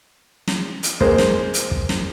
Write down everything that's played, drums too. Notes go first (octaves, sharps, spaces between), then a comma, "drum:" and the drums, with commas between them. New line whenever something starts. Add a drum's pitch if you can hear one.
drum: snare
drum: hi-hat
G#3 A#3 C5, drum: kick
drum: snare
drum: hi-hat
drum: kick
drum: snare